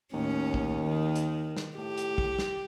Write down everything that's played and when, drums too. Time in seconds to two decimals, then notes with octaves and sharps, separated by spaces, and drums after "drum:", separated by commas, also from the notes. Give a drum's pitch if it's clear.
0.13 D#2 A2 C#4
0.54 drum: kick
0.80 D#3
1.16 drum: hi-hat
1.57 drum: snare
1.77 A2 G4
1.98 drum: hi-hat
2.18 drum: kick
2.39 drum: snare